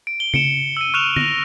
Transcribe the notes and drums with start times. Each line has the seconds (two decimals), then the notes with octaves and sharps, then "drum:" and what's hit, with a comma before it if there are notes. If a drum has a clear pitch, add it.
0.07 D7
0.20 G7
0.34 C#7 D7 E7, drum: tom C#3
0.77 E6 D#7
0.94 C#6 F6 F#6 E7 F7
1.16 A#6 F7, drum: tom D3